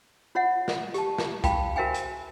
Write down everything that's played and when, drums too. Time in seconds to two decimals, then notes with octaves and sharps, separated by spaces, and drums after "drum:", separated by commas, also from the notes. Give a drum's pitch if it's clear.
0.35 F4 C#5 E5 F#5
0.68 drum: snare
0.94 G4 A5, drum: hi-hat
1.18 drum: snare
1.44 F5 G5 A5 B5, drum: kick C2, hi-hat
1.76 F#4 A#4 C5 E5 G5 G#5
1.94 drum: hi-hat